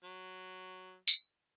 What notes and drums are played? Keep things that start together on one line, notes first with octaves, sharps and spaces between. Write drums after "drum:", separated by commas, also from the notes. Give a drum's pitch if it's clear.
F#3
drum: tambourine